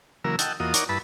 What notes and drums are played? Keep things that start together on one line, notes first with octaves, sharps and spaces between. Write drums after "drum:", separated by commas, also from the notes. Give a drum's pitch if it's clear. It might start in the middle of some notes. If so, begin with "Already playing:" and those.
C#3 E3 F#3 A#3 A#4 E6
D#5 F#5 G5 A5 E6, drum: hi-hat
E2 A#3 F4 F#4 D#5 D#6
D#4 A#4 C#5 D5 F#5 D6, drum: hi-hat
G2 E4 B4 A5 B5